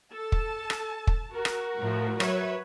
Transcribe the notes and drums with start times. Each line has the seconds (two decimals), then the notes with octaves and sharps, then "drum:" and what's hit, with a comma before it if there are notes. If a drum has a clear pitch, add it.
0.13 A4 A5
0.32 drum: kick
0.70 drum: rim click
1.07 drum: kick
1.32 F#4 A#4
1.45 drum: rim click
1.77 A2 F3
2.20 F#3 B4 C#5 E5, drum: rim click